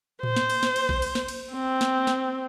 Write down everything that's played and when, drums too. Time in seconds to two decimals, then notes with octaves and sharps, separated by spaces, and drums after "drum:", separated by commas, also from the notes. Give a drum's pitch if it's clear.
0.23 C5, drum: tom A2
0.36 drum: snare
0.50 drum: cymbal
0.63 drum: snare
0.76 drum: cymbal
0.89 drum: kick A#1
1.02 drum: cymbal
1.15 drum: snare
1.28 drum: cymbal
1.52 C4
1.81 drum: snare
2.07 drum: snare